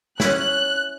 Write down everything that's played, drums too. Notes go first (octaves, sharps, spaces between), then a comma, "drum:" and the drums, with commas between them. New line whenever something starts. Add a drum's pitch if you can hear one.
C#4 E4 F#6, drum: snare